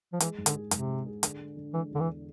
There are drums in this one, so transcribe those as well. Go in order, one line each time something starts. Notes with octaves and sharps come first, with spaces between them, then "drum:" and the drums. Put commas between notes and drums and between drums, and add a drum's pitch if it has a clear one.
F3
E3 G#3, drum: hi-hat
G#2
D3, drum: hi-hat
G#4
G#2 C3, drum: hi-hat
G#3
G#4
D3, drum: hi-hat
G#3
D3
E3 G#3
E2 D3
E3
D3